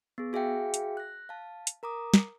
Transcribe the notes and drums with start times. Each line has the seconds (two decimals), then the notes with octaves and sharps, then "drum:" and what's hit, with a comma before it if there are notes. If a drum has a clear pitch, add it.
0.18 B3 G#4
0.33 F#4 G#4 E5 F5 G5 C#7
0.74 drum: hi-hat
0.97 F#6 A#6
1.29 F5 A5
1.67 drum: hi-hat
1.83 A#4 A#5 D6 D#6
2.14 drum: snare